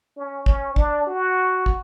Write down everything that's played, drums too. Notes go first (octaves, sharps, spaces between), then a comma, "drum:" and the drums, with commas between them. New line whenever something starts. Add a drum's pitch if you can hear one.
C#4
C#4, drum: kick
D4, drum: kick
F#4
drum: kick